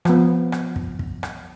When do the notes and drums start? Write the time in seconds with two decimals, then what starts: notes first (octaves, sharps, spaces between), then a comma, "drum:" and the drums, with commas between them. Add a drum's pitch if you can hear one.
0.05 F3 B3, drum: rim click
0.52 drum: rim click
0.76 drum: kick
0.99 drum: kick
1.23 drum: rim click